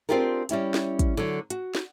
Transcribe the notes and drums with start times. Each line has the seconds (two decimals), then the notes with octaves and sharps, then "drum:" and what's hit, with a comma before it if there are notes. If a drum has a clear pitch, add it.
0.09 C4 D4 F4 G4 G#4 A#4
0.49 G3 C#4 E4 G4, drum: hi-hat
0.74 drum: snare
0.99 drum: kick, hi-hat
1.17 D3 F#3
1.50 F#4, drum: hi-hat
1.75 drum: snare